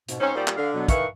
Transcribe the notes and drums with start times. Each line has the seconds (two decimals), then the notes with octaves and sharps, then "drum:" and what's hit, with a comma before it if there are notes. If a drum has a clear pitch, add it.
0.08 G#2 B2, drum: hi-hat
0.20 G#2 C4 C#4 D#4 F#4 C5
0.35 A#2 G3
0.48 drum: clap
0.57 D3 F5
0.74 B2 F#3 B3
0.88 D#3 E3 E5 F5 C#6, drum: kick, hi-hat